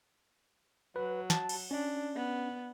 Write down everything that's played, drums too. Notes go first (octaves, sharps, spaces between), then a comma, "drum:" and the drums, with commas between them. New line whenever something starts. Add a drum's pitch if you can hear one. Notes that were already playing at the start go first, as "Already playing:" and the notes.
F#3 B4
A5, drum: snare
drum: cymbal
C#4 D4
B3